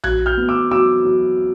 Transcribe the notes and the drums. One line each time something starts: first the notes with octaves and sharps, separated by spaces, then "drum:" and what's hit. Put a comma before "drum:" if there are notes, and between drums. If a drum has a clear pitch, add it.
F#3 F#6 G#6, drum: tom A#1
F6 G6
B3
D6 E6
F#3 D6 E6
F#3